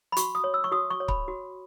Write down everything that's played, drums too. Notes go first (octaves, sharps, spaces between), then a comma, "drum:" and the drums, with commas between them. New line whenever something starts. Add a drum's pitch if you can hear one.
B5
F#4 C#6, drum: hi-hat
D#6
C#5
E6
C#6
F#4 D#6
C#6
C#5
B5, drum: kick C#1
F#4